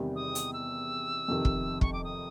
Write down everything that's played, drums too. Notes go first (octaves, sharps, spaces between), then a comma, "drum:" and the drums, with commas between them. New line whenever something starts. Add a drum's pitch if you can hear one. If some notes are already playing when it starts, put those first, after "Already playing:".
Already playing: E2 C3 D#3 G3
D#6
drum: hi-hat
E6
F2 C3 D#3
drum: kick
C#6, drum: kick
D6
D#6